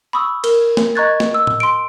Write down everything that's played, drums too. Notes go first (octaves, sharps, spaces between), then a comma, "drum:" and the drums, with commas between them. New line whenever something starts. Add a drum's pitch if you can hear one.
B5 C#6 D#6 E6
A#4, drum: cymbal
drum: snare
D#5 A#5 C#6 F#6 G#6 A6
drum: snare
E6
drum: tom
C6 D7